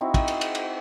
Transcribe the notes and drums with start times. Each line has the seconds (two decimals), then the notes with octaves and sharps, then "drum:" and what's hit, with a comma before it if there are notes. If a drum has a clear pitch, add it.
0.01 C4 D#4 E4 F#4
0.14 drum: kick, cymbal
0.28 drum: cymbal
0.41 drum: cymbal
0.55 drum: cymbal